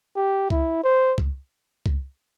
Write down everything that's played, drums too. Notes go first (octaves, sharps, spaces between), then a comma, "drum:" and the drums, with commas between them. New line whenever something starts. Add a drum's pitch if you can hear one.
G4
E4, drum: kick
C5
drum: kick
drum: kick